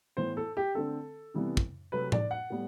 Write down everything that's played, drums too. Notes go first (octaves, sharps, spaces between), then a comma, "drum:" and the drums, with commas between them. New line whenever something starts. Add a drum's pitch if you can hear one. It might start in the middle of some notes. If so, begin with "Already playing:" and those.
A2 E3 B3 C5
A4
G4
D3 A3 C4 A4
C3 E3 G3 B3
drum: kick
C3 F#3 A3 C4 B4
D5, drum: tom A2
F#5
A2 G3 B3